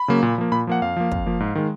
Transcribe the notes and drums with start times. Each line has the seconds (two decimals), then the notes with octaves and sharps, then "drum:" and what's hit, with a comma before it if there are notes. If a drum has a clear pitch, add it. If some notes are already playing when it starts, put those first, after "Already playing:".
Already playing: B5
0.08 C#3 F#3 A#3
0.23 A#2
0.38 F3 A#3
0.52 A#2 B5
0.67 F3 A#3 F#5
0.82 F2 F5
0.96 F3 A#3
1.12 F2, drum: kick
1.26 F3 A#3
1.40 G#2
1.55 D#3 G#3